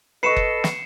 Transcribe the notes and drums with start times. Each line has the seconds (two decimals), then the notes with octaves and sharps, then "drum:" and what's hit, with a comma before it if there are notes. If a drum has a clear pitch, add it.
0.23 A4 B4 D#5 B5 C#6 C7 C#7 E7
0.37 drum: kick F#1
0.64 drum: snare